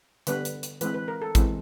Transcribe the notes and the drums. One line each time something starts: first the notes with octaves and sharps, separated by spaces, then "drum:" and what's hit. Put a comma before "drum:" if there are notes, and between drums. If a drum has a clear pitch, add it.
D3 G3 B3 B4, drum: hi-hat
drum: hi-hat
drum: hi-hat
E3 G#3 C4 B4, drum: hi-hat
B4
A#4
A4
E3 G#3 C4, drum: kick, hi-hat